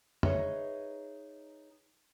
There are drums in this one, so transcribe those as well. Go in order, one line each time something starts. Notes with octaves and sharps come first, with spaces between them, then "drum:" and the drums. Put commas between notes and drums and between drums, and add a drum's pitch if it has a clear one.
D#4 G#4 B4 C#5 D#5 E5, drum: tom F2